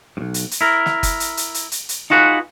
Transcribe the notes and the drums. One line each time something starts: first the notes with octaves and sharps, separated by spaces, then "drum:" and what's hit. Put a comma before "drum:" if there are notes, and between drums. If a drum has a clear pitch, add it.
B1 G2
drum: hi-hat
drum: hi-hat
E4 A#4
drum: snare
drum: kick F#1, hi-hat
drum: hi-hat
drum: hi-hat
drum: hi-hat
drum: hi-hat
drum: hi-hat
D#4 F4 F#4 G#4 B4